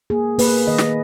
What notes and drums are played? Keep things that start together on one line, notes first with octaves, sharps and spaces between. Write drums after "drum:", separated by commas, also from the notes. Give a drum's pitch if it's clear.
A#3 G#4
A#3 B4, drum: open hi-hat
D#3 D#5
drum: snare